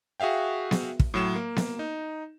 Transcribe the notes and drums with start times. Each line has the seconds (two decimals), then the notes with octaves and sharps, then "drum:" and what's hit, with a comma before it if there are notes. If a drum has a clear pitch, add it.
0.20 F#4 G#4 E5 F5 G5
0.71 drum: snare B3
1.00 drum: kick
1.14 A2 F#3 E7
1.36 A#3
1.56 drum: snare B3
1.79 D#4